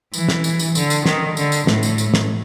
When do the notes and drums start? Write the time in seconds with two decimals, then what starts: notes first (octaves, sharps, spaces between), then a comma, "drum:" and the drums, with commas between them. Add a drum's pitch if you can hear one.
0.14 E3, drum: tambourine
0.29 drum: snare
0.44 drum: tambourine
0.59 drum: tambourine
0.75 D3, drum: tambourine
0.90 drum: tambourine
1.06 D#3, drum: snare
1.37 D3, drum: tambourine
1.52 drum: tambourine
1.67 A2, drum: snare
1.83 drum: tambourine
1.98 drum: tambourine
2.14 drum: snare